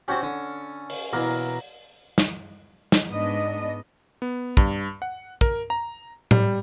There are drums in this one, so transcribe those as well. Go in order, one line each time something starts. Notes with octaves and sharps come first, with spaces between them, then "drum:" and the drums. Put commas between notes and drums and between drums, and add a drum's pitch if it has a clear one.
C4 C#4 F#4 G4
D3
drum: open hi-hat
B2 E3 A#3 A#4
drum: snare
drum: snare
G#2 B3 D4 D#5
B3
G2, drum: kick
F#5
A#4, drum: kick
A#5
G3, drum: tom A2